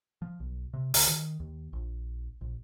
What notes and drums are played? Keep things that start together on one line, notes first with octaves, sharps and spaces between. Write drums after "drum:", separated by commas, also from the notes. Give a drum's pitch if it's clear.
F3
B1
C3
D2, drum: open hi-hat
D#3
D#2
A#1
A#1